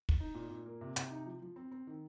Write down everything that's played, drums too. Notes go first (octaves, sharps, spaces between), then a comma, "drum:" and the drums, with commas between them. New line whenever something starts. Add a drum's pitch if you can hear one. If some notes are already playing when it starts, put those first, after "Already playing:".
drum: kick
D#4
A#2
A#2
A#3
C3
C3, drum: hi-hat
D#4
F3
F3
C4
C4
D#3